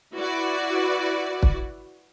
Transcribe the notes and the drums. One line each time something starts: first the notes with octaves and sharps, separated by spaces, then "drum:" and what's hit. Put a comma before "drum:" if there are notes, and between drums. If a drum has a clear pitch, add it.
E4 F#4 B4 D5
drum: kick